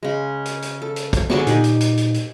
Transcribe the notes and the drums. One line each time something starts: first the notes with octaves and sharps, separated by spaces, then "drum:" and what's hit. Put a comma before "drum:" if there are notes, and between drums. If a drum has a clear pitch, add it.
C#3 G#3
drum: hi-hat
drum: hi-hat
A4
drum: hi-hat
drum: kick, hi-hat
D3 G#4 C#6, drum: snare
A#2 D#4 G4 D5 D#5, drum: hi-hat
drum: hi-hat
drum: hi-hat
drum: hi-hat
drum: hi-hat